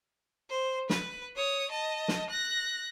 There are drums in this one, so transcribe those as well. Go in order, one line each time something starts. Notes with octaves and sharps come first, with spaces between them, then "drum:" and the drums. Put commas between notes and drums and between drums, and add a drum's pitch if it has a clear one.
C5
B4, drum: snare
C#5 D#6
D#5 A5
drum: snare
F#6 A#6